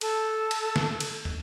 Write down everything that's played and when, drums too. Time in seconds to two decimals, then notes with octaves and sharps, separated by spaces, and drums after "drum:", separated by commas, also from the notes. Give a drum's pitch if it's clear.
0.01 A4, drum: cymbal
0.51 drum: cymbal
0.76 drum: snare
1.00 drum: cymbal
1.25 drum: tom